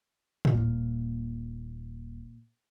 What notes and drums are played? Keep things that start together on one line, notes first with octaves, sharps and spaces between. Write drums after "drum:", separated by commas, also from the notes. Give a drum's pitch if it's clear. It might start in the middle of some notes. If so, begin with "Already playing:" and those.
drum: tom A2
D#1 A#2 A#3